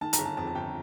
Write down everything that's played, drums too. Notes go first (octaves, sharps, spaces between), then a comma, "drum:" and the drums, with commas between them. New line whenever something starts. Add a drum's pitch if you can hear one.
D#3 A5
A#5, drum: hi-hat
G1
A5
F2 A5
A5
G1 G5